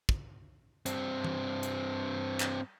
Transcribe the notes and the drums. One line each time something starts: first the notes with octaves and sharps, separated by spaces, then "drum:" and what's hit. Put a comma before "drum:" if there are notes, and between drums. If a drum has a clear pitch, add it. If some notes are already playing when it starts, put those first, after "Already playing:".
drum: kick
G2 C4, drum: hi-hat
drum: tom E3
drum: hi-hat
drum: clap